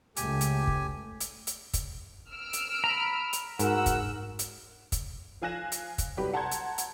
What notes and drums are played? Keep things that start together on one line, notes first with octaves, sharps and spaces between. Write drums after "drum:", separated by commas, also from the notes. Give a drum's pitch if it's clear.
C#2 A3 G4 G#5, drum: hi-hat
drum: hi-hat
drum: kick
drum: hi-hat
drum: hi-hat
drum: kick, hi-hat
E6 F6 D7
drum: hi-hat
A#5 B5
drum: hi-hat
G#2 F#4 A#4 F#5 E6, drum: hi-hat
drum: kick, hi-hat
drum: hi-hat
drum: kick, hi-hat
F3 F5 G#5 F#6 A#6 E7
drum: hi-hat
drum: kick, hi-hat
C2 F#3 G3 G4 B4
F#5 A5 A#5 C6 G6 G#6
drum: hi-hat
drum: hi-hat